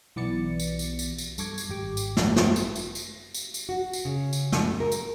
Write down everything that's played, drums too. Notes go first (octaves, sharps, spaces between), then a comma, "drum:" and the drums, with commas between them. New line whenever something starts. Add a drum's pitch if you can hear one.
B1 E3 B3 D5 A6 C#7
drum: tambourine
drum: tambourine
drum: tambourine
drum: tambourine
G2 A4 C#6 D6 G#6, drum: tambourine
drum: tambourine
G#1 G4 D6
drum: tambourine
drum: snare
drum: snare
drum: tambourine
drum: tambourine
drum: tambourine
drum: tambourine
drum: tambourine
F#4
drum: tambourine
C#3
drum: tambourine
drum: snare
A#4
drum: tambourine